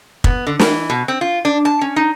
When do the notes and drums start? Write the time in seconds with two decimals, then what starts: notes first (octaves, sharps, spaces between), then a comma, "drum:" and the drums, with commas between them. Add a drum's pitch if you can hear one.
0.24 B3, drum: kick
0.47 D3
0.59 E3, drum: snare
0.90 B2
1.08 C4
1.21 F4
1.45 D4
1.65 A5
1.81 C#4
1.96 D#4